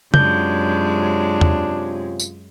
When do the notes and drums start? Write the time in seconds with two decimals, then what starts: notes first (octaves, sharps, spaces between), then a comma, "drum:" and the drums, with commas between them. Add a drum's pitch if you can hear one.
0.14 F#2 C3 G#3 C#4 D4 F4 G6, drum: tom
1.41 drum: tom E2
2.20 drum: tambourine